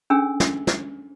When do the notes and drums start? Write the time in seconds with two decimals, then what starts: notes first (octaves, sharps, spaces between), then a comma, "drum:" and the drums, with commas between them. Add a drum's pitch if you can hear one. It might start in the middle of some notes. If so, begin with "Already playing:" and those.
0.10 C#4 D4 G#4 A4 G#5 E6
0.40 drum: snare
0.67 drum: snare